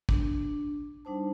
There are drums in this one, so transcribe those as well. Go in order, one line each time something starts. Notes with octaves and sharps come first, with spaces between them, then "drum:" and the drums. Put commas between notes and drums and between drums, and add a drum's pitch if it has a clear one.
D4, drum: kick
G3 D4 D#4 C5 A5